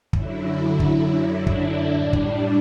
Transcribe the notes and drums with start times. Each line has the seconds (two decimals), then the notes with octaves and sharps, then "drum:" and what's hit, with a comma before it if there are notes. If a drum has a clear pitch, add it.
0.13 F#2 D3 F#3 E4, drum: kick
0.80 drum: kick
1.47 D4, drum: kick
1.91 A2 G3
2.13 drum: kick